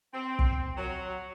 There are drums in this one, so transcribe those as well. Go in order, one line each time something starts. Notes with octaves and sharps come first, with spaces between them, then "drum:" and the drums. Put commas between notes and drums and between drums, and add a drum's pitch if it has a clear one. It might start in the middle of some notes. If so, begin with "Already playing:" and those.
C4
drum: kick
F#3